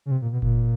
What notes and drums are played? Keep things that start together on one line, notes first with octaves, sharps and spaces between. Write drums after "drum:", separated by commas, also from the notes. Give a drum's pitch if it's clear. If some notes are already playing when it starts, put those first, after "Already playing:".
C#3
C3
A#2
B2
A#2, drum: kick F#1